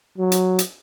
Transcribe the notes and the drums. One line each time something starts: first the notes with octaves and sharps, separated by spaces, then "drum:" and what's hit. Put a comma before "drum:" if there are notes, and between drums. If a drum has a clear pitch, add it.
F#3
drum: hi-hat
drum: hi-hat